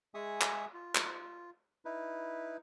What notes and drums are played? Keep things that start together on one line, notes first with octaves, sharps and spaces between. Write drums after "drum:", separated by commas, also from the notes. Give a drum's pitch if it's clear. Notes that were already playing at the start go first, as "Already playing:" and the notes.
G#3 G#4 E5 G#5 C#6 D#6
drum: clap
F4
drum: clap
D#4 E4 B4